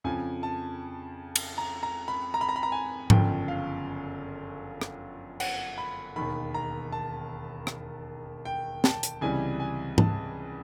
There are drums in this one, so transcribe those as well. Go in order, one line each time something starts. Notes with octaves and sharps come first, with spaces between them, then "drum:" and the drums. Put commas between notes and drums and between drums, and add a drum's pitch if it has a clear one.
F2 C#3 F3 G#5
A5
drum: cymbal
A#5
A#5
B5
A#5
B5
A#5
B5
A#5
G#5
G1 F#2 C#3 F3 G5, drum: tom G#2
F5
drum: rim click
F#5, drum: cymbal
B5
E1 D#2 D#3 B5
A#5
A5
drum: rim click
G5
A5, drum: snare
drum: hi-hat
C#2 C3 E3 G3 G#5
G#5
A5, drum: tom G#2